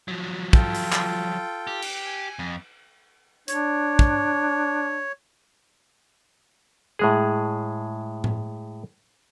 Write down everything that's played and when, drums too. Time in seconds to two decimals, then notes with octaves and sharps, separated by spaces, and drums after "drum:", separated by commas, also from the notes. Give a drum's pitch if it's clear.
0.08 F3 F#3
0.53 F4 A4 G5, drum: kick
0.75 drum: open hi-hat
0.92 drum: clap
1.67 G4
1.82 drum: cymbal
2.06 G#5
2.39 F2
3.48 D4 C#5, drum: hi-hat
3.99 drum: kick
6.99 A2 G#3 G#4
8.24 drum: tom A2